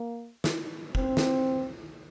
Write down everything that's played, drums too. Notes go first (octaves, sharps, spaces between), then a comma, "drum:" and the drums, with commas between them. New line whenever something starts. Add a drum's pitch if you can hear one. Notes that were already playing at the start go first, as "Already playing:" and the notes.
Already playing: A#3
drum: snare
C4, drum: kick
drum: snare